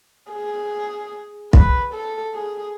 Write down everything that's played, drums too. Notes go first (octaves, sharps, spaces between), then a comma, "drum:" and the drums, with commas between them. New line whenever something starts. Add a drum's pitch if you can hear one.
G#4
B4, drum: kick
A4
G#4